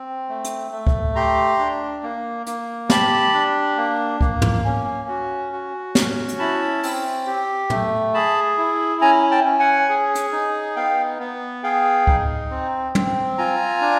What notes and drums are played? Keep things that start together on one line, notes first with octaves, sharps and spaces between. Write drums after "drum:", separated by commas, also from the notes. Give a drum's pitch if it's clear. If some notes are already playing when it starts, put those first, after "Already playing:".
Already playing: C4
A3
drum: hi-hat
A3
drum: kick C#2
G4 A#5 C6
D4
A#3
A#3, drum: hi-hat
G4 A5 B5, drum: snare
D4
A#3
A#3, drum: kick C#2
drum: tom
C#4
F#4
F#4
C#4, drum: snare
drum: hi-hat
E4 A5 B5
C4, drum: open hi-hat
G4
A3, drum: tom
G#4 A5 B5
E4
C#4 G#5 A#5
G5 A5
C#4
F#5 G#5
G#4
drum: hi-hat
D#4
B3 F5 G5
B3
G#4 F5 G5
D#4, drum: kick C#2
C4
C4, drum: tom
F4 G#5 A#5
D4